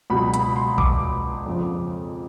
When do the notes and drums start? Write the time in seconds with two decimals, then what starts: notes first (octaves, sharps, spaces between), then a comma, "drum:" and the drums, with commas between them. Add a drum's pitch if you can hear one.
0.10 C#2 B2 F#3 B5
0.34 B5, drum: hi-hat
0.56 C6
0.78 D6, drum: kick A#1
1.46 F2 C#3 F3